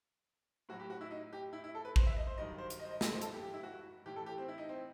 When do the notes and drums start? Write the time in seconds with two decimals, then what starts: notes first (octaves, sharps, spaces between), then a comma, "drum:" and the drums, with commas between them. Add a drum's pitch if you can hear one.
0.69 A2 F#3 F#4
0.79 G4
0.90 F#4
1.01 E4
1.11 D#4
1.33 G4
1.53 E4
1.64 E4
1.75 A4
1.85 B4
1.96 C5, drum: kick A1
2.07 E5
2.17 D#5
2.27 C5
2.38 G2 D#3 F#3 D#5
2.58 C5
2.70 drum: hi-hat
2.80 D#5
2.85 C5
2.91 D#5
3.01 D#5, drum: snare
3.12 C5
3.21 A4, drum: hi-hat
3.33 G4
3.43 G4
3.54 E4
3.63 F#4
4.06 A2 E3 G4
4.16 A4
4.26 G4
4.38 C4
4.48 E4
4.58 D#4
4.69 C4